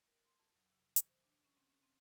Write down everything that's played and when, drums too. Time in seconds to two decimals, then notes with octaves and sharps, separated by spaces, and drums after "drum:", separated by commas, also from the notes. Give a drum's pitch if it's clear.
0.07 A#4
0.25 C6
0.39 F2
0.56 F#3
0.72 C3
0.96 E3, drum: hi-hat
1.08 C5
1.24 D4
1.45 C#4
1.57 C4
1.70 C#4
1.83 C4